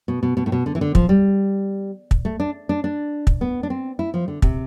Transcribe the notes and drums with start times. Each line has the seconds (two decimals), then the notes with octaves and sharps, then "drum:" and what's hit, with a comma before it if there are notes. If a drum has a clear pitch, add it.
0.08 B2
0.23 B2
0.37 B2
0.46 A2
0.52 B2
0.66 D3
0.75 E3
0.81 D3
0.95 F3, drum: kick
1.09 G3
2.11 drum: kick
2.25 A3
2.40 D4
2.69 D4
2.84 D4
3.27 drum: kick
3.41 B3
3.63 D4
3.70 C4
3.99 E4
4.14 F3
4.28 D3
4.42 C3, drum: kick